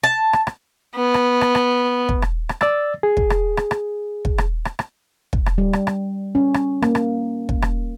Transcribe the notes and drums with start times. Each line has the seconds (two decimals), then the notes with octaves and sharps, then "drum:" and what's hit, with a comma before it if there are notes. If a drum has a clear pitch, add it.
0.04 A5
0.33 drum: rim click
0.47 drum: rim click
0.96 B3
1.14 drum: rim click
1.41 drum: rim click
1.55 drum: rim click
2.09 drum: kick
2.22 drum: rim click
2.49 drum: rim click
2.61 D5 E6 A6, drum: rim click
3.03 G#4
3.17 drum: kick
3.30 drum: rim click
3.57 drum: rim click
3.71 drum: rim click
4.25 drum: kick
4.38 drum: rim click
4.65 drum: rim click
4.79 drum: rim click
5.33 drum: kick
5.46 drum: rim click
5.58 G3
5.73 drum: rim click
5.87 drum: rim click
6.35 C#4
6.54 drum: rim click
6.82 A#3, drum: rim click
6.95 drum: rim click
7.49 drum: kick
7.62 drum: rim click